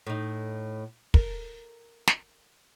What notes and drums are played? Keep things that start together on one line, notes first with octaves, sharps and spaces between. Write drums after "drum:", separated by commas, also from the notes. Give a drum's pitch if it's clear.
A2 D#4
A#4, drum: kick
drum: snare